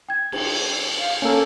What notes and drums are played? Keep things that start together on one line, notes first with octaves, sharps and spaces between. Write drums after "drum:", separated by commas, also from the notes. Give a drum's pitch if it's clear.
G5 G#6
drum: cymbal
F5
A#3 C#4 A4